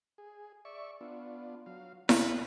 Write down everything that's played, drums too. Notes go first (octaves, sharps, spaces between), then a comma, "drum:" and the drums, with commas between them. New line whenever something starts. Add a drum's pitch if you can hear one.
G#4
D5 E5 C#6
B3 D4 F4
F#3 F5
C3 B4, drum: snare E4